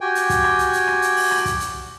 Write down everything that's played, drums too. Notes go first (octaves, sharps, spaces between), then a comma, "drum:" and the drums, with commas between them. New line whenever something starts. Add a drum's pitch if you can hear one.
F#4 G4 G5 G#5
drum: hi-hat
drum: kick, hi-hat
drum: rim click
drum: hi-hat
drum: hi-hat
drum: rim click
drum: hi-hat
drum: open hi-hat
drum: rim click
drum: kick, hi-hat
drum: hi-hat